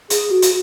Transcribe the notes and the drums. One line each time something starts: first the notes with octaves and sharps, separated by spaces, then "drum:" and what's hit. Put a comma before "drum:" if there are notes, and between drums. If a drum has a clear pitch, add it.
G#4, drum: hi-hat
F#4
drum: hi-hat